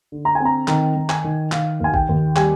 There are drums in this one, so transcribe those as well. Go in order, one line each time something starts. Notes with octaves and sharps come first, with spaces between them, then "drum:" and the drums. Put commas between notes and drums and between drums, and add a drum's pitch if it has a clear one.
D3
A#5
G#5
C4
A#5
D#3 A#5, drum: clap
D#3
G#5, drum: clap
D#3
D#3 F5, drum: clap
D#2 G#5
G5, drum: kick A1
D#2
G3 G#5, drum: clap